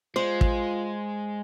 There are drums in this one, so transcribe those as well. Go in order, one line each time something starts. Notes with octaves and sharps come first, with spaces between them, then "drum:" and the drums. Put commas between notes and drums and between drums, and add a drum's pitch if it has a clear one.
G#3 F4 C5
drum: kick